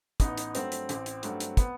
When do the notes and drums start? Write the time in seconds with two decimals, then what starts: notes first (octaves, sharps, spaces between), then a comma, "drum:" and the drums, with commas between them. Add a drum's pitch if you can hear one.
0.20 A1 B3 D#4, drum: kick, hi-hat
0.37 drum: hi-hat
0.55 G2 F#3 A3 C4, drum: hi-hat
0.72 drum: hi-hat
0.89 A1, drum: hi-hat
1.06 drum: hi-hat
1.23 G2 F#3 A3, drum: hi-hat
1.40 drum: hi-hat
1.57 B3, drum: kick, hi-hat